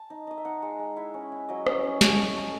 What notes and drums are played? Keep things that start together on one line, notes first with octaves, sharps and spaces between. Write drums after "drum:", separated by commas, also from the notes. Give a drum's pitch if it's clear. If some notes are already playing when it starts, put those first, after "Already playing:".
Already playing: A5
D#4
D#4 D#5
E5
D#4 F#5
G#3
G#3
E4 E5
C#4
E4
F#3 D#5
C#4, drum: rim click
C#4
A3 D#5, drum: snare
A3
A3